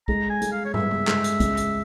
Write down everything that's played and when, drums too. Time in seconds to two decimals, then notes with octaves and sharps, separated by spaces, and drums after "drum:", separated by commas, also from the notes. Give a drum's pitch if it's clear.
0.08 G#3 A#5, drum: kick
0.30 G#5
0.42 G#3, drum: hi-hat
0.52 F5
0.65 C#5
0.74 G2 E5, drum: tom
0.91 drum: tom
1.07 G#3, drum: clap
1.24 drum: hi-hat
1.40 C#2, drum: kick, hi-hat
1.57 drum: hi-hat